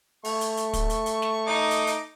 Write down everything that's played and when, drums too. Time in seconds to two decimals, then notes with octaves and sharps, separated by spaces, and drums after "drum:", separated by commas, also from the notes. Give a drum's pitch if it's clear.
0.25 A3 C#6, drum: open hi-hat
0.41 drum: hi-hat
0.57 drum: hi-hat
0.73 drum: kick, hi-hat
0.90 drum: hi-hat
1.06 drum: hi-hat
1.22 drum: snare
1.47 D#4 D#5 D6
1.71 drum: hi-hat
1.87 drum: hi-hat